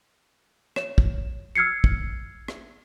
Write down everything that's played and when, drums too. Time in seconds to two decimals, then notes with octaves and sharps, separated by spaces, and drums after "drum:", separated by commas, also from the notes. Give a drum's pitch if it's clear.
0.76 C#5 E7, drum: rim click
0.98 drum: kick
1.55 E6 F6 G#6 C7 C#7
1.84 drum: kick
2.48 drum: rim click